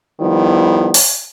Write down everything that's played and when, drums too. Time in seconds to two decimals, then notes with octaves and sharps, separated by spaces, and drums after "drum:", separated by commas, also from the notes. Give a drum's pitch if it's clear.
0.20 D#3 F3 G3 B3 E4
0.94 drum: open hi-hat